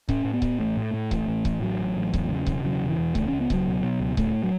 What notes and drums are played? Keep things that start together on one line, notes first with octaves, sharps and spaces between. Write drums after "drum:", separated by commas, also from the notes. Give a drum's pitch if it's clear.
A2 C#4, drum: kick C#1
A2
B3
A2, drum: kick C#1
A1 A3
A2
A2
A1, drum: kick C#1
A1
A2, drum: kick C#1
A1 F#3
A1
A1
E2, drum: kick C#1
C#3
E1, drum: kick C#1
C#3 F#3
E1
E3
E2
C#2 A3, drum: kick C#1
C#2 C#4
B3
C#2 F#3, drum: kick C#1
B2
B2
C#2
A2 A3, drum: kick C#1
F#3